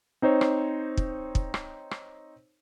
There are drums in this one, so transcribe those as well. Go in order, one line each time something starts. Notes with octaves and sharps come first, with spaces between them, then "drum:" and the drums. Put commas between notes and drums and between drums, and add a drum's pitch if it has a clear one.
C4 D#4 C5 C#5
drum: rim click
drum: kick
drum: kick
drum: rim click
drum: rim click